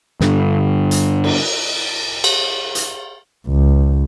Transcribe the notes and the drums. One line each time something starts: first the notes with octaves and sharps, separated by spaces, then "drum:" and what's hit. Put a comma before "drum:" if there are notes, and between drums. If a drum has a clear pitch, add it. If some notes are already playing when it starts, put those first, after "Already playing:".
G2 D3, drum: snare
drum: hi-hat
drum: cymbal
drum: cymbal
drum: hi-hat
C#2